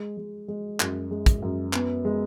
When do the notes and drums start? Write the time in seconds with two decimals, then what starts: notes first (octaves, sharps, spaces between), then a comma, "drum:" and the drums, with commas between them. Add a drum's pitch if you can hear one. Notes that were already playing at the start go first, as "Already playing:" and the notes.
Already playing: G#3
0.17 G#3
0.48 G#3
0.80 F#2, drum: clap
1.11 G#3
1.26 drum: kick, hi-hat
1.42 F#2
1.73 B3, drum: clap
2.05 G#3